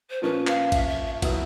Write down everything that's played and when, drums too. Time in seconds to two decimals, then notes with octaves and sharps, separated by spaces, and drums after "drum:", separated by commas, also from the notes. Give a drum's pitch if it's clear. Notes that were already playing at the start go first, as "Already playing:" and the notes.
0.10 C5
0.22 A#2 F3 A#3 C#4 B4
0.47 F5, drum: clap
0.72 E5, drum: kick, cymbal
0.88 E5
1.05 E5
1.22 F#3 B3 E4, drum: kick, cymbal